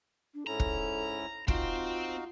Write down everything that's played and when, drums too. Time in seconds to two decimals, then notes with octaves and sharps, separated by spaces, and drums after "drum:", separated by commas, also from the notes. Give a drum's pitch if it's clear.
0.34 D4
0.47 G#2 C#4 E4 A4 A#5
0.60 drum: kick
1.48 C4 D#4 F4 F#4 F5, drum: kick